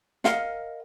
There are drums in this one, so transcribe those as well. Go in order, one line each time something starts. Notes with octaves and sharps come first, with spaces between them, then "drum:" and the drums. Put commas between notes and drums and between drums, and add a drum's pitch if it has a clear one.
A#4 D#5 F5 F#5, drum: snare